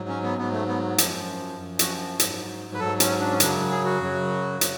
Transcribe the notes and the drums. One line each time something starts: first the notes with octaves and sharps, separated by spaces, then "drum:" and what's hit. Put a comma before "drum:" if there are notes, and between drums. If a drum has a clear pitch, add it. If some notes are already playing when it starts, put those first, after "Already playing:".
Already playing: G#2 F#3
C#4
B3
G#2 F#3 B3
A3
B3
F#2 F3, drum: hi-hat
F#2 F3
F#4, drum: hi-hat
G#2 F#3, drum: hi-hat
B4
G#2 F#3 A4
C#4, drum: hi-hat
D4
C#4
F#2 C#3 F#3 D4, drum: hi-hat
G#4
F#4
F#2 C#3 F#3
C#3 F#3, drum: hi-hat